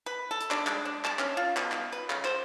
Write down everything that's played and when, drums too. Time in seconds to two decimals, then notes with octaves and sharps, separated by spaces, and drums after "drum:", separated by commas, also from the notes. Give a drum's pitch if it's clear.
0.06 B4
0.31 A4
0.41 drum: hi-hat
0.51 D4, drum: clap
0.67 G#3, drum: clap
0.85 D4
1.05 A5, drum: clap
1.19 C#4, drum: clap
1.37 F4
1.57 B2, drum: clap
1.72 drum: clap
1.92 B4
2.10 C#3, drum: clap
2.25 C5, drum: clap